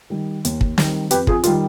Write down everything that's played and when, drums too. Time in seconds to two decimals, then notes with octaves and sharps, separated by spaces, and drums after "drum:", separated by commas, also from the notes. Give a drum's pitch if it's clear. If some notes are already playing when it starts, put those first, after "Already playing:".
0.10 D#3 G3
0.45 D#2, drum: hi-hat
0.61 drum: kick
0.78 D#3 G3, drum: snare
1.11 F2 G4 B4, drum: hi-hat
1.27 F4 G#4, drum: kick
1.43 D#3 G3 F4, drum: hi-hat